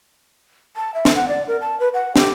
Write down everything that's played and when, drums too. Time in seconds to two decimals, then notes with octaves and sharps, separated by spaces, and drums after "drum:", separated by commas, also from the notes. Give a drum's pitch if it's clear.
0.76 A5
0.94 E5
1.05 drum: snare
1.15 F#5
1.29 D5
1.48 A#4
1.61 A5
1.80 B4
1.94 F#5
2.16 G4, drum: snare